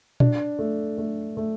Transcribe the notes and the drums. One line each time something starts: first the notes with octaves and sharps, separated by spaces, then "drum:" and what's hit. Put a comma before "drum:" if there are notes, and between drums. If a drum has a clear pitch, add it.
D4, drum: tom A#2
A3
A3
A3